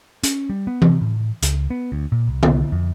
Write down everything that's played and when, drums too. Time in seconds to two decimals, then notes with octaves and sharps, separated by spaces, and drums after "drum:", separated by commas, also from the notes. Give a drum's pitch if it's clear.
0.24 C#4, drum: hi-hat
0.50 G3
0.67 B3
0.82 C3, drum: tom E3
1.01 A2
1.43 C#2, drum: hi-hat
1.70 B3
1.92 D2
2.12 A#2
2.28 C2
2.43 drum: tom D3
2.72 F2